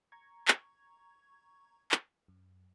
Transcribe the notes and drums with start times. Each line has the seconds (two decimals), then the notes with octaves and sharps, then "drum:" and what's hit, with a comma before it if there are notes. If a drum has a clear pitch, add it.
0.12 A#5 C#6 G#6
0.48 drum: clap
1.91 drum: clap
2.28 F#2